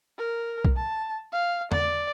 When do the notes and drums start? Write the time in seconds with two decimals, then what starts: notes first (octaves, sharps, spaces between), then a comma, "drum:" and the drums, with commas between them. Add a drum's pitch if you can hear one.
0.18 A#4
0.65 drum: kick B1
0.76 A5
1.33 F5
1.72 D5, drum: tom E2